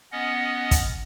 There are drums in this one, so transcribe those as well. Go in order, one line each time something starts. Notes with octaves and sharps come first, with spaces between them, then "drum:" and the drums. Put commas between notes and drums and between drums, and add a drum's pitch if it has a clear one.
B3 C#4 D#5 F#5
drum: kick, hi-hat